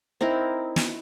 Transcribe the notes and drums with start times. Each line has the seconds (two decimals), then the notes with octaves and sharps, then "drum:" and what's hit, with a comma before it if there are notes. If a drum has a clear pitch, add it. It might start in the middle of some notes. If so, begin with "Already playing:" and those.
0.21 C4 D#4 E4 A#4
0.76 drum: snare